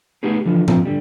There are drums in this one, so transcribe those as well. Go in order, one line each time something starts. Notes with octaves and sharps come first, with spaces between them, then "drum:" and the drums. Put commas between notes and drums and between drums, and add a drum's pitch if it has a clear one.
A3 B3 D#4 G4 G#4
D3 E3 F3
F3 C4, drum: tom G#2
D3 G3